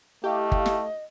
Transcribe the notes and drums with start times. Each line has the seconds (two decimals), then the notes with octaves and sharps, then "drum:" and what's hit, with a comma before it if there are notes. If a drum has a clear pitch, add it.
0.24 A3 E4 G4 D#5 F5
0.52 drum: kick G1
0.66 drum: snare